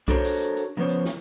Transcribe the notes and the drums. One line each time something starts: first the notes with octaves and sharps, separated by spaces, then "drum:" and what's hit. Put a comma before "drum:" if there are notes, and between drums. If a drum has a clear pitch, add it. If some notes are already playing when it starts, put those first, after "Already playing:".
D4 F#4 A4 A#4 C5 C#5, drum: kick, hi-hat
drum: open hi-hat
drum: hi-hat
drum: hi-hat
C#3 F3 B3 C5 C#5
drum: hi-hat
drum: snare